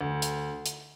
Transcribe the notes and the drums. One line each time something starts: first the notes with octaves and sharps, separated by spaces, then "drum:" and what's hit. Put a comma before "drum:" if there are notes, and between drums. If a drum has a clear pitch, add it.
D2
drum: hi-hat
drum: hi-hat